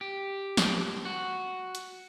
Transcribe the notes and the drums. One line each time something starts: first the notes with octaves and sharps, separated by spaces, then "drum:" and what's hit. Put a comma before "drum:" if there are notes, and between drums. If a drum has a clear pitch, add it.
G4
drum: snare
F#4
drum: hi-hat